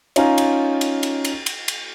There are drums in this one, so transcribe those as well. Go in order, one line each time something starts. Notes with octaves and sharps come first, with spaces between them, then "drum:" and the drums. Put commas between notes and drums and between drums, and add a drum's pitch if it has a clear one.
C#4 D#4 F4 F5 G#5 A#5, drum: cymbal
drum: cymbal
drum: cymbal
drum: cymbal
drum: cymbal
drum: cymbal
drum: cymbal